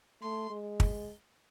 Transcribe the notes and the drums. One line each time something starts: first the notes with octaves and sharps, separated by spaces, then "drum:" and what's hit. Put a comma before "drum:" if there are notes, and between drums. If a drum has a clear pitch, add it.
A3 C6
G#3
drum: kick